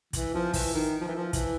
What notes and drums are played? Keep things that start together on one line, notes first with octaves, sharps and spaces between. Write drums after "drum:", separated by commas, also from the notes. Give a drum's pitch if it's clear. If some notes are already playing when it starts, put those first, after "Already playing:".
E3, drum: kick, hi-hat
F3
E3, drum: kick, open hi-hat
D#3
F3
E3
F3
E3, drum: kick, hi-hat